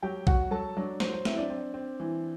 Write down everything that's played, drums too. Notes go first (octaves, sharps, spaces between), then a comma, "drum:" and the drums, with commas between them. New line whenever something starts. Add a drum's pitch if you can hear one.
F#3 G4 G5
F#3 F#4 F#5, drum: kick B1
F#3 A4 A5
F#3 D4 D5
F#3 C5, drum: snare
C5
C4 E4 E5, drum: snare
D4 D5
C4
C4
E3